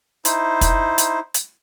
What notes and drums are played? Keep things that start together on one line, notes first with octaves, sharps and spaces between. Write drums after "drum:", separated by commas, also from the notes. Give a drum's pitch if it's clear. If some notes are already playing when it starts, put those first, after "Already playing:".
D#4 E4 C5, drum: hi-hat
drum: kick, hi-hat
drum: hi-hat
drum: hi-hat